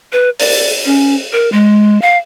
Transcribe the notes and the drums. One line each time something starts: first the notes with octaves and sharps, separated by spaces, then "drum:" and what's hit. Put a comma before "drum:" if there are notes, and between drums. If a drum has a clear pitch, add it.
B4
D5, drum: open hi-hat
C#4
A#4
G#3
F5